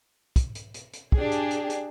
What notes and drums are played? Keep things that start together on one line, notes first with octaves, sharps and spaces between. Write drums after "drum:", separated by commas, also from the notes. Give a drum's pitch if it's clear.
drum: kick, hi-hat
drum: hi-hat
drum: hi-hat
drum: hi-hat
D4 G4 G#4, drum: kick
drum: hi-hat
drum: hi-hat
drum: hi-hat